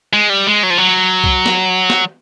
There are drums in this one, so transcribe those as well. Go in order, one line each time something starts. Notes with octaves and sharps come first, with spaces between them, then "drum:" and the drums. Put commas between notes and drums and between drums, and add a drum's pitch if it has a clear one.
G#3
G3
G#3
F#3
F3
F#3
drum: kick
drum: snare
drum: snare